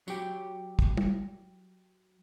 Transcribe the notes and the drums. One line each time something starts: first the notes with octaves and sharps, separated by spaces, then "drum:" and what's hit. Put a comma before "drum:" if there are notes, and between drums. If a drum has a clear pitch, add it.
F#3 G4, drum: tambourine
drum: kick
drum: tom